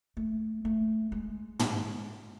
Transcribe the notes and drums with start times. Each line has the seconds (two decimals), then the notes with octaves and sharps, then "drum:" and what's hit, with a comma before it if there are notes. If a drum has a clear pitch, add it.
0.17 A3
0.65 A3
1.12 G#3
1.59 drum: tom